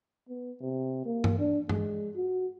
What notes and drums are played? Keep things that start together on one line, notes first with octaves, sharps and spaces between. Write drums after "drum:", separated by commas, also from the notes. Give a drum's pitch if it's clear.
B3
C3
A#3
drum: tom G2
D4
G#3, drum: tom G2
F#4